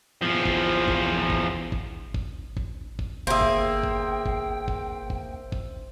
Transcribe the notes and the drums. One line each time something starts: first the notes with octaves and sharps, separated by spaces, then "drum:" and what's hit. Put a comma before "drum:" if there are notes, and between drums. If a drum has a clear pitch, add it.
E2 F3
drum: kick
drum: kick
drum: kick
drum: kick
drum: kick
drum: kick
drum: kick
G1 A#3 G#4 C5 E5 G5
drum: kick
drum: kick
drum: kick
drum: kick
drum: kick
drum: kick